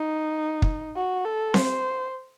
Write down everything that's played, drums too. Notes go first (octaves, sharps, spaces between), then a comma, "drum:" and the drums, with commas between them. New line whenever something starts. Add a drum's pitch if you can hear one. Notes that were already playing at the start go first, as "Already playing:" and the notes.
Already playing: D#4
drum: kick
F#4
A4
C5, drum: snare C4